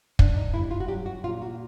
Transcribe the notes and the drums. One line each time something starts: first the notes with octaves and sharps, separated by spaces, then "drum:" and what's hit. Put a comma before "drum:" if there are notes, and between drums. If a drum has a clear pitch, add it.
G2 D4, drum: kick
D#4
G2 E4
F4
F#4
F#3 G4
F#4
A#2 F4
F#4